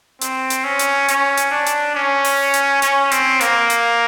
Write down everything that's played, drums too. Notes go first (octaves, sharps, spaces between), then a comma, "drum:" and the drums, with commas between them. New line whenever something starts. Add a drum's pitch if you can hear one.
C4, drum: hi-hat
drum: hi-hat
C#4
drum: hi-hat
C#4, drum: hi-hat
drum: hi-hat
D4
drum: hi-hat
C#4
drum: open hi-hat
drum: hi-hat
C#4, drum: hi-hat
C4, drum: hi-hat
A#3, drum: hi-hat
drum: hi-hat